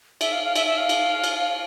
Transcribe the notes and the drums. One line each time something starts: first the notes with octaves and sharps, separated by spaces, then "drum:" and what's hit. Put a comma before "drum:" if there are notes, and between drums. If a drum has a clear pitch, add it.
E5, drum: cymbal
F5
F5
E5, drum: cymbal
E5
F5
drum: cymbal
drum: cymbal